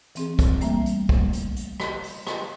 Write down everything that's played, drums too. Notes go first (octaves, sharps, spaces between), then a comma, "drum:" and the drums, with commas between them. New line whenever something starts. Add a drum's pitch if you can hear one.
E3 C4 G#4, drum: hi-hat
drum: kick, hi-hat
G3 A3 A#3 E5, drum: hi-hat
drum: hi-hat
drum: kick
drum: hi-hat
drum: hi-hat
drum: rim click
drum: open hi-hat
drum: rim click